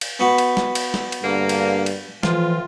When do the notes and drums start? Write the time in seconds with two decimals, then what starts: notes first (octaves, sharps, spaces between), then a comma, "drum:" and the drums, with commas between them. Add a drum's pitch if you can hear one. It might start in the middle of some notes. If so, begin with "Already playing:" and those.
0.01 drum: cymbal
0.20 B3 F#4
0.38 drum: cymbal
0.57 drum: snare
0.75 drum: cymbal
0.94 drum: snare
1.12 drum: cymbal
1.23 G2 D3 A#3
1.49 drum: cymbal
1.86 drum: cymbal
2.23 A2 E3 F3 F4, drum: snare